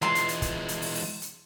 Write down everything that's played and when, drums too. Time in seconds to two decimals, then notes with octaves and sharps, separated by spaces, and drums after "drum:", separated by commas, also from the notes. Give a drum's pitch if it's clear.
0.02 E3 G#3 F4 E5 C6
0.15 drum: hi-hat
0.28 drum: hi-hat
0.42 drum: kick, hi-hat
0.68 drum: hi-hat
0.82 drum: open hi-hat
0.95 drum: open hi-hat
1.22 drum: hi-hat